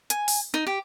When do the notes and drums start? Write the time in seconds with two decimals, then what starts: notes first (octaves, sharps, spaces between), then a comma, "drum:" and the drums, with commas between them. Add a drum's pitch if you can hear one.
0.10 G#5, drum: hi-hat
0.28 drum: open hi-hat
0.54 D#4
0.67 G4